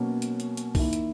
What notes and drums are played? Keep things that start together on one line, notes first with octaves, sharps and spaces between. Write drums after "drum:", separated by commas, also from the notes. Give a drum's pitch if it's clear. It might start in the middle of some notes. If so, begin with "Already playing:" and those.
Already playing: B2 F#3 A#3 C#4
drum: hi-hat
drum: hi-hat
drum: hi-hat
D#3 A#3 E4, drum: kick, open hi-hat
drum: hi-hat